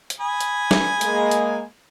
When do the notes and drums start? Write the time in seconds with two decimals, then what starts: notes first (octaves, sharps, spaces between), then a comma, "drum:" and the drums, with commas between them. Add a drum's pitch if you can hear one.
0.10 drum: hi-hat
0.20 G#5 B5 D#6
0.41 drum: hi-hat
0.71 drum: snare
1.01 G#3 A#3, drum: hi-hat
1.31 drum: hi-hat